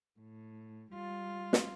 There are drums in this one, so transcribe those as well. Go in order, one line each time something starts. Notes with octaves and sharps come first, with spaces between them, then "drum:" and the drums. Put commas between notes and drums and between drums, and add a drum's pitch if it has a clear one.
A2
G3 F4
drum: snare